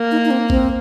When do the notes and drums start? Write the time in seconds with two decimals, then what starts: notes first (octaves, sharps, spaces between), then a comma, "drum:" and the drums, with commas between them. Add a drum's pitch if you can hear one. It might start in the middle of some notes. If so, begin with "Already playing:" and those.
Already playing: A#3
0.12 D#4
0.25 D#4
0.31 C4
0.50 C4, drum: kick